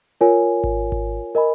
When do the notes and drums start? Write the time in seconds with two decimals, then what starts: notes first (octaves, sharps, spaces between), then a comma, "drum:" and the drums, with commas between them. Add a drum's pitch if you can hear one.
0.21 F4 A#4 C#5 G#5
0.64 drum: kick G#1
0.92 drum: kick G#1
1.35 A#4 D#5 G#5 B5